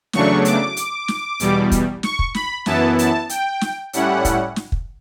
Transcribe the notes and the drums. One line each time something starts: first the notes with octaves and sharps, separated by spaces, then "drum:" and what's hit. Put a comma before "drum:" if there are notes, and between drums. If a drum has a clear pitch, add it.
E2 C#3 F#3 A3 D4 C#6, drum: snare
D6, drum: hi-hat
drum: hi-hat
drum: snare
E2 B2 G3, drum: hi-hat
drum: kick, hi-hat
C#6, drum: snare
drum: kick
B5, drum: snare
F#2 E3 B3 E4 A5, drum: snare
A5, drum: hi-hat
G5, drum: hi-hat
drum: snare
A2 G3 C#4 E4 F#5, drum: hi-hat
drum: kick, hi-hat
drum: snare
drum: kick